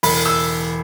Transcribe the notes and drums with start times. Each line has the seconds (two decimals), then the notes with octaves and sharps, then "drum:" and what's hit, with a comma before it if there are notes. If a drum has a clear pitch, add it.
0.03 E1 B5, drum: open hi-hat
0.26 E6